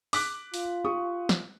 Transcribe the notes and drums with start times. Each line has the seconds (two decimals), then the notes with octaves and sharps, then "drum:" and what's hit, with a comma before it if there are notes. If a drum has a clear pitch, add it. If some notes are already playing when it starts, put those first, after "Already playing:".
0.13 D6 F#6 B6, drum: open hi-hat
0.54 F4, drum: open hi-hat
0.84 G4 C#6 D#6
1.29 drum: snare